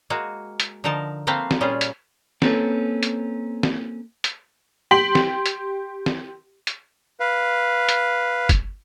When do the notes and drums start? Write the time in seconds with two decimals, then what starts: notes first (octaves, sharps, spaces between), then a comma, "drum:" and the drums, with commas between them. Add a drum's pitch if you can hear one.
0.10 G#3 A#3 F#4
0.60 drum: hi-hat
0.84 D3 F3 D#4 A#4 A5
1.27 A3 A#3 C4 B4 C5 F5
1.51 drum: snare
1.61 A#2 G3 C#4 F4 G#4
1.81 drum: hi-hat
2.42 A#3 C4 C#4 A4 B4, drum: snare
3.03 drum: hi-hat
3.63 drum: snare
4.24 drum: hi-hat
4.91 G4 C6 B6 F#7
5.15 drum: snare
5.46 drum: hi-hat
6.06 drum: snare
6.67 drum: hi-hat
7.20 B4 F5
7.89 drum: hi-hat
8.49 drum: kick, hi-hat